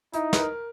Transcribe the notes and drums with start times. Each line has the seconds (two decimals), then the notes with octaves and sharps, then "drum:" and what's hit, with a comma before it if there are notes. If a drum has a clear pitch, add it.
0.13 D#4 E4, drum: hi-hat
0.33 B4, drum: snare
0.39 A#4